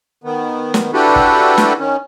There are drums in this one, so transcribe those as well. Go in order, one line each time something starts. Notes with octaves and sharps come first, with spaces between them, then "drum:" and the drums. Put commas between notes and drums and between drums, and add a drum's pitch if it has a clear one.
D#3 B3
drum: snare
D4 E4 F#4 G4 A4 B4
drum: kick
drum: snare
D#3 C#4